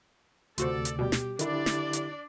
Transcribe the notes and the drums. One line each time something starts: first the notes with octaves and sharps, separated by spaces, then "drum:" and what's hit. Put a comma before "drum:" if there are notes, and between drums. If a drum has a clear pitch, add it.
D2 C3 F4 F#4 A4 C5 D5, drum: hi-hat
drum: hi-hat
B2 G3 G4
drum: snare
D3 D#3 D4 E4 G4 D5, drum: hi-hat
drum: snare
drum: hi-hat